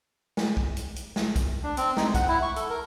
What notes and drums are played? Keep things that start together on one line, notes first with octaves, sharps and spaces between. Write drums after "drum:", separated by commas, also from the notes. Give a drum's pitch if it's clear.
drum: snare
drum: kick
drum: hi-hat
drum: hi-hat
drum: snare
drum: kick, hi-hat
D4
C4, drum: hi-hat
D#4, drum: snare
F#5, drum: kick, hi-hat
E4
C#6
A4, drum: hi-hat
A#4